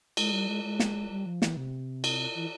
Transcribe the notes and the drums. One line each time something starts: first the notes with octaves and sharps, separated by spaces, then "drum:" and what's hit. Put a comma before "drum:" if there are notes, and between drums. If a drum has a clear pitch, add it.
G#3, drum: cymbal
G3
G#3
G#3
drum: snare
G3
F3
E3, drum: snare
C3
drum: cymbal
E3